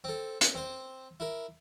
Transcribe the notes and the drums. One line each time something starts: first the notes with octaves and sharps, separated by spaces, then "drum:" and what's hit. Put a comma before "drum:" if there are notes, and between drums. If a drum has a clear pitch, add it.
C4 A4
drum: hi-hat
C4 C5
E4 A#4